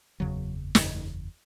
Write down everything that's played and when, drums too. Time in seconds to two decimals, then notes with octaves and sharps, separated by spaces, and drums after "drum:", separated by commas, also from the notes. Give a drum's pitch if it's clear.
0.20 F#1 E2 C#3 F#3
0.75 F#1 E2 C#3, drum: snare